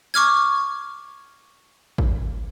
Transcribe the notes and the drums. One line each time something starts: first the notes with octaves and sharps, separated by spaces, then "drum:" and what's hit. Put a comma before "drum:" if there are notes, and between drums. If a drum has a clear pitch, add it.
C#6 D6 F6 G#6
drum: kick